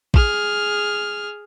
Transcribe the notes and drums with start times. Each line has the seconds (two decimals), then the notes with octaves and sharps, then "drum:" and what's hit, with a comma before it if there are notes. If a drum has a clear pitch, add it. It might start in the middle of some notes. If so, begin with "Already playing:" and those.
0.14 G#4 F6, drum: kick A1